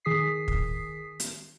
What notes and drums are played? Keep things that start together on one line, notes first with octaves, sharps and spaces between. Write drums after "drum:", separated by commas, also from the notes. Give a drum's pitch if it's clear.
D#3 G#4 D#6 B6 C7
drum: kick
drum: hi-hat